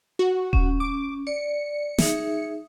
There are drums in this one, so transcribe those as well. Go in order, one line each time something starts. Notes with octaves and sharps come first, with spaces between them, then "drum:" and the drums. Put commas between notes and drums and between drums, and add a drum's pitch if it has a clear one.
F#4
C#4, drum: kick D#1
D6
D5 C#7
D#4 G#4 E5, drum: snare